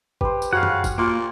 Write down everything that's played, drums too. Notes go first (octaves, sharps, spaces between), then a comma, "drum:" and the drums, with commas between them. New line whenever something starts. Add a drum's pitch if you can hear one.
G4 B4 C5, drum: kick G1
drum: tambourine
F#2 C#3 F#4 F5 F#5
drum: tom G2
drum: kick G1, tambourine
A#2 A#3 F4 C5 C#6